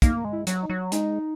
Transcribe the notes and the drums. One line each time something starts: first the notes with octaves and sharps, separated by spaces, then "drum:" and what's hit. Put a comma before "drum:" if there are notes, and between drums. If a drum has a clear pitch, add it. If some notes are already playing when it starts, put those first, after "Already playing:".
A#3 D#4, drum: kick, hi-hat
G#3
E4
F#3, drum: hi-hat
D#4
F#3
G#3 D#4, drum: hi-hat